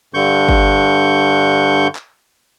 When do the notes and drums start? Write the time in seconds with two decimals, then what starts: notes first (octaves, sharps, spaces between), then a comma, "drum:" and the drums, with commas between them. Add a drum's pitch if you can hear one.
0.14 G2 D3 C#6 G6
0.49 drum: kick G1
1.95 drum: clap